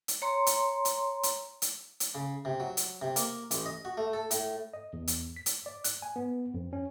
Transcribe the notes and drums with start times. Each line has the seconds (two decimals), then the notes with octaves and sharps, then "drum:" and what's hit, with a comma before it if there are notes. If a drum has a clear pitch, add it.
0.08 drum: hi-hat
0.22 C#5 A#5 C6
0.47 drum: hi-hat
0.85 drum: hi-hat
1.23 drum: hi-hat
1.62 drum: hi-hat
2.00 drum: hi-hat
2.15 C#3
2.45 C3
2.60 F#3
2.77 drum: hi-hat
3.02 C3
3.16 A#3, drum: hi-hat
3.51 A1, drum: hi-hat
3.66 D#5
3.85 F#4
3.97 A3
4.13 A4
4.31 A2, drum: hi-hat
4.73 D#5
4.93 E2
5.07 drum: hi-hat
5.36 B6
5.46 drum: hi-hat
5.66 D5
5.84 F#6, drum: hi-hat
6.02 G#5
6.16 B3
6.54 F2
6.73 C#4